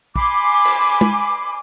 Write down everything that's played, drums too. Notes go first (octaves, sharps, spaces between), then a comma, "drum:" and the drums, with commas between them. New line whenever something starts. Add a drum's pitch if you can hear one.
G#5 B5 C6 D6, drum: kick
drum: cymbal
drum: tom